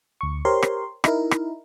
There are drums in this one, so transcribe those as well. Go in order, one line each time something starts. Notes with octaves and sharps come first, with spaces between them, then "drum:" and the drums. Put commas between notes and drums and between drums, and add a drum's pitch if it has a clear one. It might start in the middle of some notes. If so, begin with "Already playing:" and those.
D2 C#6
G4 A#4 C5 C#5 C6
drum: rim click
D#4 E4 A#4, drum: rim click
drum: rim click